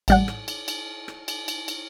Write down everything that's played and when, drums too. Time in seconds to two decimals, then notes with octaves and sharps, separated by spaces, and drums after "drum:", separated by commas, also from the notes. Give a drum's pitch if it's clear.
0.08 A1 G3 F#5, drum: cymbal
0.28 drum: rim click
0.48 drum: cymbal
0.68 drum: cymbal
1.08 drum: rim click
1.28 drum: cymbal
1.48 drum: cymbal
1.68 drum: cymbal